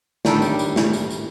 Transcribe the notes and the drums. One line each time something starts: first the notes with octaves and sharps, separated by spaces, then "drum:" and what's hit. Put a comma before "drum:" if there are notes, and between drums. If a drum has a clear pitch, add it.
A2 D#3 G3 D4 G4 A4, drum: snare
drum: tambourine
drum: tambourine
drum: snare
drum: tambourine
drum: tambourine